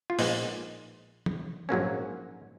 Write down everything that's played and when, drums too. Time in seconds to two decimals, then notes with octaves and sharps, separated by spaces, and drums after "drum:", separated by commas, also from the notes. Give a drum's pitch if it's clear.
0.10 F4
0.19 A#1 A#2 G#3 B3 D#4, drum: open hi-hat
1.26 drum: tom E3
1.69 A#1 G#2 F#3 A#3 C#4